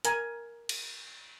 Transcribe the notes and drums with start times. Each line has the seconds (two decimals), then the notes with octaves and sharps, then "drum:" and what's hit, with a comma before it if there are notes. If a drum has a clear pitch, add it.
0.05 A#4 G#5 A#5, drum: hi-hat
0.69 drum: cymbal